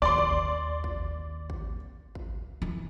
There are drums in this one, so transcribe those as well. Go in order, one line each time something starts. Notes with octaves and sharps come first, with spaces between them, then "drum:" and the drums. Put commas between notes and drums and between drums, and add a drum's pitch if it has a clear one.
D#2 D5 C6
drum: kick G#1
drum: kick G#1
drum: kick G#1
drum: kick G#1
E3